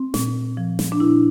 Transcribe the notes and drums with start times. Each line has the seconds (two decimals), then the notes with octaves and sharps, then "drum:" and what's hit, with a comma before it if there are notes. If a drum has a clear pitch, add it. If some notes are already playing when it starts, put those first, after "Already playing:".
Already playing: C4
0.14 A#2, drum: snare
0.57 F3
0.79 drum: snare
0.92 D4
1.00 A#2 E4